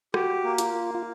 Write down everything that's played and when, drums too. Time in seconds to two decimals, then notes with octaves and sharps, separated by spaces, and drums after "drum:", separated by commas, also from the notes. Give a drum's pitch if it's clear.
0.14 F#4 G4, drum: rim click
0.44 A#3
0.58 F4, drum: hi-hat
0.74 A#3
0.95 F4